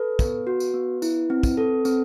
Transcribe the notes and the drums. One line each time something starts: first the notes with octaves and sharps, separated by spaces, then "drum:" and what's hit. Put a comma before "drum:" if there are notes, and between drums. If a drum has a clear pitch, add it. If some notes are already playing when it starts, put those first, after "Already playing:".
Already playing: A4 B4
B3, drum: kick, tambourine
F#4
drum: tambourine
B3
E4, drum: tambourine
C4
drum: kick, tambourine
A4
C4, drum: tambourine